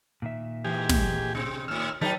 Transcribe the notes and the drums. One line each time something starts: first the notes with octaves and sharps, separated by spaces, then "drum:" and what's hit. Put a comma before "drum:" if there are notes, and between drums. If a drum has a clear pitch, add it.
A#2 D#3 E5
G#2 E3 G4 G#5
drum: snare
C3 C4
D#2 A2 E6 F6
D#3 F#3 D#4 G#4 B4 E5 G5 A5